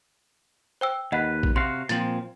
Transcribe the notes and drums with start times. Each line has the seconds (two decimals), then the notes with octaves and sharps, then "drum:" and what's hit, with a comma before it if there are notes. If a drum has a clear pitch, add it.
0.81 C5 G5 E6
1.12 D#2 B4 D#5 F#5
1.43 drum: kick A#1
1.56 C3 F#4 F5 C6
1.89 A#2 F3 C4 A6 F#7, drum: hi-hat